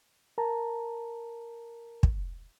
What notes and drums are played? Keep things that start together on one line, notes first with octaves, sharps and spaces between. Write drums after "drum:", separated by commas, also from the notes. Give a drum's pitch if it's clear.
A#4 A5 A#5
drum: kick